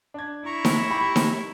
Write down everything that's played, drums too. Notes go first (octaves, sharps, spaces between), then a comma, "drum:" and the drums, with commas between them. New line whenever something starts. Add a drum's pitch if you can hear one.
D4 G#6
E4 A#5 C#6
drum: snare D#4
G4 B5
drum: snare D#4